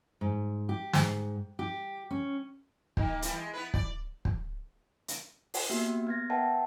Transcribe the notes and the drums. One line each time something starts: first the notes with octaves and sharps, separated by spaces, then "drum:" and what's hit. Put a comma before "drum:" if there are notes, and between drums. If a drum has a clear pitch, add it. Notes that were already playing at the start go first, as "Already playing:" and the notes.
G#2
G4
G#2, drum: snare
G4
C#4
D#3 A#3, drum: kick
E3 G3, drum: hi-hat
G#3
B3 E4 B4
D5, drum: kick
drum: kick
drum: hi-hat
drum: open hi-hat
A#3 B3 F#4 G4 E5
B3 G#6 A#6
A#4 B4 E5 F#5 G5 A5